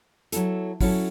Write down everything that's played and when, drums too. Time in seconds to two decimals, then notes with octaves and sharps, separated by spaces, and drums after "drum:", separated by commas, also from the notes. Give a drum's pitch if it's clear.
0.32 F#3 B3 E4 A4, drum: hi-hat
0.81 F#3 C#4 E4 A4, drum: kick, open hi-hat